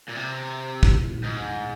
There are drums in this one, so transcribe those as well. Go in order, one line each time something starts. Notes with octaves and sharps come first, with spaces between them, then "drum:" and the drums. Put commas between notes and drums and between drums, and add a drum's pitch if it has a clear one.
A#2
C3
drum: kick
G#2